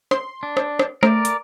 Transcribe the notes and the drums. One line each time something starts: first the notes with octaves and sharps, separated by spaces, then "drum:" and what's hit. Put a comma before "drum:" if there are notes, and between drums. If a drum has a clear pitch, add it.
C6, drum: rim click
D4
drum: rim click
drum: rim click
A3 A#4 D5, drum: rim click
drum: hi-hat